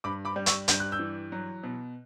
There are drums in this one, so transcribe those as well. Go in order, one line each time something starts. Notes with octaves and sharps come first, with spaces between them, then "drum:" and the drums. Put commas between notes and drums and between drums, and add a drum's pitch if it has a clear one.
G2 B5 D6
B5 D6
G3
C#6 E6, drum: hi-hat
G2 G6, drum: hi-hat
F#6
E6 G6
E3
F#3
B2